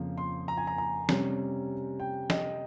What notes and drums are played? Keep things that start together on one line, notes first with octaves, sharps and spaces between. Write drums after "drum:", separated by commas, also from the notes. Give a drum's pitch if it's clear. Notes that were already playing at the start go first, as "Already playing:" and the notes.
Already playing: F2 C#3 F3 A#3
C6
A#5
G#5
A#5
A#5
C3 G3 C#4, drum: snare
G5
D#5, drum: snare